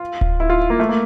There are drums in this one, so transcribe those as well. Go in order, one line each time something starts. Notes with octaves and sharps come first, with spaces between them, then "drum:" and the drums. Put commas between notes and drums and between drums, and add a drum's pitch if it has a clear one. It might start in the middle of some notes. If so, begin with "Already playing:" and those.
Already playing: F4
drum: kick D1
E4
F4
A#3
A3
A#3